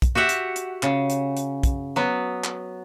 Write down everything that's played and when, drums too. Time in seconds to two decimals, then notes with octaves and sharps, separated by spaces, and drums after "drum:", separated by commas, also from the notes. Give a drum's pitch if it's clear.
0.02 drum: kick, hi-hat
0.15 F#4 G4 E5 F#5
0.29 drum: hi-hat
0.56 drum: hi-hat
0.83 C#3, drum: clap
1.10 drum: hi-hat
1.37 drum: hi-hat
1.63 drum: kick, hi-hat
1.96 F#3 B3
2.44 drum: clap